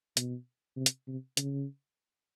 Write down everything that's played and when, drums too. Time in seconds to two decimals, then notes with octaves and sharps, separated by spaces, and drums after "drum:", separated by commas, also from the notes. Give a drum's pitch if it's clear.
0.17 B2, drum: hi-hat
0.76 C3
0.86 drum: hi-hat
1.08 C3
1.37 C#3, drum: hi-hat